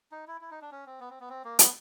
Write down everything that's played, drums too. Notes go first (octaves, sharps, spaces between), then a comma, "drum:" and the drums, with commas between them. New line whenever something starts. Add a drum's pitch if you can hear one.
D#4
E4
E4
D#4
D4
C#4
C4
B3
C4
B3
C4
A#3
B3, drum: hi-hat